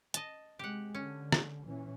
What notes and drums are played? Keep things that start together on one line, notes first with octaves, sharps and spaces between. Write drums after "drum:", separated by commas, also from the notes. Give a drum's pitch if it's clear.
D#5 A5, drum: hi-hat
C3 G#3 G4 F#5
D3 C#4
drum: rim click
A#2 E3 C#4